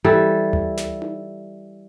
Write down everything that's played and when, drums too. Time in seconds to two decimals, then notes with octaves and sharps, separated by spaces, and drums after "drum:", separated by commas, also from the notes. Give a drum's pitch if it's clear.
0.04 E3 G3 A4
0.53 drum: tom D2
0.77 drum: snare
1.02 drum: tom D#4